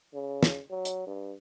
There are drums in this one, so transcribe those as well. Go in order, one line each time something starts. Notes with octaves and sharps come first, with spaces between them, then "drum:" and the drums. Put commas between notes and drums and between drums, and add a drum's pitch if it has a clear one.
C#3
drum: snare
F#3
drum: hi-hat
G2